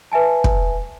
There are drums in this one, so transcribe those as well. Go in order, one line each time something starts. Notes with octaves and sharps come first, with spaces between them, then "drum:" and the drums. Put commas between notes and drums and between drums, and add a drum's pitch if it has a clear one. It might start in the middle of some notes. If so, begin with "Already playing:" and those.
B4 E5 G#5 A5
drum: kick